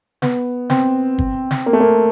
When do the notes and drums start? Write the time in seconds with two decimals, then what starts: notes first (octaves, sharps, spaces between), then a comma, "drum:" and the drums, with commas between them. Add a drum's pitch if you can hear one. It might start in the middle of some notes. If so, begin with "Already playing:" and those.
0.22 B3, drum: snare
0.70 C4, drum: snare
1.18 drum: kick G1
1.51 drum: snare
1.66 A#3
1.73 A3
1.80 A#3